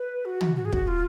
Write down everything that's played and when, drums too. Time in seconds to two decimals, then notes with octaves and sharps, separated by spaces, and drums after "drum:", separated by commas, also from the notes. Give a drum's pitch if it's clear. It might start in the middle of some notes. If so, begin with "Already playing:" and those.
Already playing: B4
0.25 F#4
0.41 drum: tom
0.56 F#4
0.65 G#4
0.73 F#4, drum: kick
0.87 F4